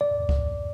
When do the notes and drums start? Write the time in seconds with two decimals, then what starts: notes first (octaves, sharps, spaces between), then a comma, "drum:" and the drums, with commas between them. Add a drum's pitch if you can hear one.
0.01 D5
0.29 drum: kick C#2